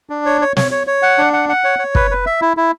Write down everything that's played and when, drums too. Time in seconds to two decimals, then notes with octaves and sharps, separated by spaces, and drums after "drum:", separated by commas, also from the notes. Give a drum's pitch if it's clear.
0.10 D4
0.26 C#5
0.41 C#5
0.57 C#5, drum: snare
0.71 C#5
0.87 C#5
1.02 F#5
1.18 D4
1.33 F#5
1.49 F#5
1.64 C#5
1.79 C#5
1.95 B4, drum: kick
2.11 B4
2.26 E5
2.41 E4
2.57 E4